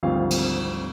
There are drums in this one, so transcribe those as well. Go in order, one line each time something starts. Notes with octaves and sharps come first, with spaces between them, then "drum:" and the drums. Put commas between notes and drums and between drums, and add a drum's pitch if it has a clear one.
G#1 D2 F3 G3 C4 F5
drum: cymbal